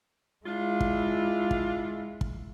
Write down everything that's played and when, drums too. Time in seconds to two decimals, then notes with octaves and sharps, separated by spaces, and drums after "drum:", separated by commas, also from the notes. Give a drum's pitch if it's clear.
0.45 G#3 D4 E4 F4
0.81 drum: kick
1.51 drum: kick
2.21 drum: kick